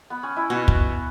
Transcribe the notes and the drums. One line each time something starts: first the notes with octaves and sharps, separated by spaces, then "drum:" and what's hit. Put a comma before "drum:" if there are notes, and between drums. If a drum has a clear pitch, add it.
B3
C#4
E4
B2 F#4
drum: kick